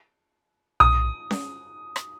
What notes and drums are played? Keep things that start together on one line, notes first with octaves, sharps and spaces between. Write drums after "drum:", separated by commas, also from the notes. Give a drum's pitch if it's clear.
D#6, drum: tom B1
drum: snare C#4
drum: rim click